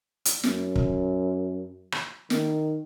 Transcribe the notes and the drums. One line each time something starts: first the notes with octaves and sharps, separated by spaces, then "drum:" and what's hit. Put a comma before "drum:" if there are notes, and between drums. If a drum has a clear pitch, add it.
drum: hi-hat
F#2, drum: snare
drum: kick
drum: rim click
D#3, drum: snare